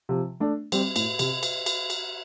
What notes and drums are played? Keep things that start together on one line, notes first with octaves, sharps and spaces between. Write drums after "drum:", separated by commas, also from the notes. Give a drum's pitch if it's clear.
C3 F3
A3 D4
G3 C4, drum: cymbal
A2, drum: cymbal
C3, drum: cymbal
drum: cymbal
drum: cymbal
drum: cymbal